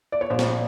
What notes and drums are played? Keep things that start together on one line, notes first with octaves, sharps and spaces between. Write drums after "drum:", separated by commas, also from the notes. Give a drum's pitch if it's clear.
D5
C#5
A#1 C5
drum: snare